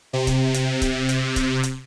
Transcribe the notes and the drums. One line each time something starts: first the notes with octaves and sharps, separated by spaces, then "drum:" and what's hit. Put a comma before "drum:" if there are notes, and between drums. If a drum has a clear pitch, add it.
C3
drum: kick C#1, hi-hat
drum: hi-hat
drum: kick C#1, hi-hat
drum: hi-hat
drum: kick C#1, hi-hat
drum: hi-hat